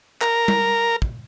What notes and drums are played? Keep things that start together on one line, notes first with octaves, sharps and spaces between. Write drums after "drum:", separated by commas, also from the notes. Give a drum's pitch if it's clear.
A#4, drum: clap
drum: tom G3
drum: kick